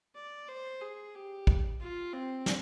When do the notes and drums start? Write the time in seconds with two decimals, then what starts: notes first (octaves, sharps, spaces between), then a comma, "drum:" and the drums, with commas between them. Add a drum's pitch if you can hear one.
0.15 D5
0.48 C5
0.81 G#4
1.15 G4
1.47 drum: kick
1.80 F4
2.13 C4
2.46 drum: snare